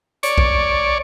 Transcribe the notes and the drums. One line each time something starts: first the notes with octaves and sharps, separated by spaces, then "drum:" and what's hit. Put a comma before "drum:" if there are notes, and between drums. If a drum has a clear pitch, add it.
C#5 D5, drum: hi-hat
drum: kick A#1